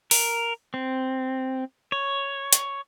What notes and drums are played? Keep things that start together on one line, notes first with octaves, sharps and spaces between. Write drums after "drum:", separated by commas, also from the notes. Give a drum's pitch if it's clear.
A#4, drum: open hi-hat
C4
C#5
drum: hi-hat